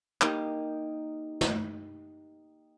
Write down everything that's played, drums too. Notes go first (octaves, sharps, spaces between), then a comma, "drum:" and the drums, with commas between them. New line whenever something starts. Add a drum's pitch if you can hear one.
A#3 D#4 G4 D#5, drum: clap
drum: snare